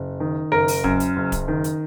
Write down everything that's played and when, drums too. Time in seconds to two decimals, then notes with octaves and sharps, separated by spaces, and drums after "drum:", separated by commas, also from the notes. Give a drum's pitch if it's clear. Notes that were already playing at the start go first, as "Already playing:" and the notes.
Already playing: F#1
0.20 D#3
0.52 F#1 A#4
0.68 drum: open hi-hat
0.84 F#2, drum: kick D1
1.00 drum: hi-hat
1.16 F#1
1.32 drum: kick D1, hi-hat
1.48 D#3
1.64 drum: hi-hat